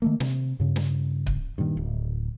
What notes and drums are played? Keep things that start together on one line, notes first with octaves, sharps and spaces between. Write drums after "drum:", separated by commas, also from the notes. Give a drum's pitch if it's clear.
D#3 A3 A#3
C3, drum: snare
G2 C#3
drum: snare
drum: kick C#1
G2 A#2 D#3
D1